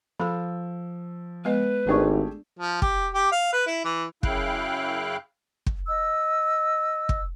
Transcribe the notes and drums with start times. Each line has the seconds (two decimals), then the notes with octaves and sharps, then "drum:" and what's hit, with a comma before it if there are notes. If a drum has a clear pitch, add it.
0.20 F3 A4 B5 E6
1.45 G#3 B3 B4 D#5
1.87 G#1 A3 D4 G4 G#4 D5 C#6
2.59 F3
2.82 G4, drum: kick
3.14 G4
3.32 F5
3.53 B4
3.67 E4
3.85 E3
4.23 F#2 C#3 E4 F5 G5 F#6, drum: kick
5.66 drum: kick
5.88 D#5 E6
7.09 drum: kick